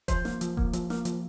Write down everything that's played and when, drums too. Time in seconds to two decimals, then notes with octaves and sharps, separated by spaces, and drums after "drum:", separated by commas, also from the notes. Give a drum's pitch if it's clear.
0.08 F3 C5, drum: kick E1, hi-hat
0.25 A#3, drum: snare
0.41 F3, drum: hi-hat
0.57 A#3, drum: kick E1
0.73 F3, drum: hi-hat
0.90 A#3, drum: snare
1.05 F3, drum: hi-hat